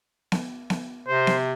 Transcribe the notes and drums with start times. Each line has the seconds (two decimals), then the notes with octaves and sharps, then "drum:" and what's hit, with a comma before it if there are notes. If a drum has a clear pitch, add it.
0.32 drum: snare B3
0.70 drum: snare B3
1.08 C3 C5
1.27 drum: snare B3